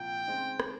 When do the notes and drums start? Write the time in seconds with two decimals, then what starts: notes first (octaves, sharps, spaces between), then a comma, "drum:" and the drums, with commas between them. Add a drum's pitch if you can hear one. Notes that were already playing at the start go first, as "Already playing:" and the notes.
Already playing: C2 A#2 F3 G5
0.27 C#3 G#3 C4 D#4
0.60 drum: rim click